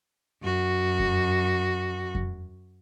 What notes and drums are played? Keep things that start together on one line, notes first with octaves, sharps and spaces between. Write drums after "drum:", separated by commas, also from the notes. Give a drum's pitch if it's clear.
F#2 F#4
drum: kick F2
drum: kick F2